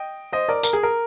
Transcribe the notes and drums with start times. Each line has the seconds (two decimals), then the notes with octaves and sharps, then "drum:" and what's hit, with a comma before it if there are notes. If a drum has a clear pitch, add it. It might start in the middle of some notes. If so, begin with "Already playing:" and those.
Already playing: D#5 G5
0.32 C5 D#5
0.49 A#4 D5
0.63 A#4, drum: tambourine
0.73 G#4
0.83 A#4